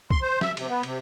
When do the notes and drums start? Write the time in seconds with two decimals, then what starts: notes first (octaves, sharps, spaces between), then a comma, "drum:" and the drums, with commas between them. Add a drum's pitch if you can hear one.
0.11 C6, drum: kick
0.22 C5
0.41 E5, drum: snare
0.57 C3, drum: cymbal
0.69 B3
0.83 C3, drum: cymbal